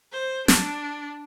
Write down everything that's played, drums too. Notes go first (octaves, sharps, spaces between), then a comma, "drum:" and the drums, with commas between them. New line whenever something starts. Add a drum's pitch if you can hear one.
C5
D4, drum: snare